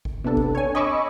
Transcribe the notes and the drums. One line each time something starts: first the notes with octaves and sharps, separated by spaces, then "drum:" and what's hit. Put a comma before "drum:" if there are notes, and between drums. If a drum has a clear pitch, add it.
drum: kick
C3 B3 D4 A4
drum: kick
C#5 G#5
D#5 G#5 B5 C#6 D6 E6